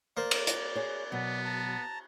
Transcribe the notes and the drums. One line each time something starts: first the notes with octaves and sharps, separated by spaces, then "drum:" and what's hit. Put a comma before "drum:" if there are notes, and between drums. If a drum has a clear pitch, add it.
A#3 C5 D5
drum: cymbal
drum: hi-hat
G#4 C#5
B2 F#3 B3
A5 A#5